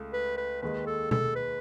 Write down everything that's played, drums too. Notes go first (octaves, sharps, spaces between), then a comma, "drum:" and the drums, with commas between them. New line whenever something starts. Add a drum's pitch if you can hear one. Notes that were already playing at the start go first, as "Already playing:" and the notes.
Already playing: C#2 A3
B4
B4
D#2 D#3 G#3 B4
A4
A4, drum: tom B2
B4